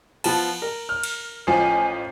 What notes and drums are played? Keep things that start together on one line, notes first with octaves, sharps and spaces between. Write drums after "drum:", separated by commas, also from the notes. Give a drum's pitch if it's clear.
F3 B3 A5, drum: cymbal
A#4
F6
drum: cymbal
A1 F3 G#5